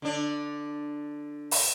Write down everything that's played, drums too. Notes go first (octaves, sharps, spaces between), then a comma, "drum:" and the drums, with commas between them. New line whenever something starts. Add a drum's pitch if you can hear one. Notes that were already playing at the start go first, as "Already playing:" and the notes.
D3 D4
drum: open hi-hat